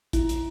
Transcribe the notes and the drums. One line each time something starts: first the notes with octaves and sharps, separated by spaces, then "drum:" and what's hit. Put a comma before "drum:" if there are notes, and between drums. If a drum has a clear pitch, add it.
E4, drum: kick A1, hi-hat
drum: hi-hat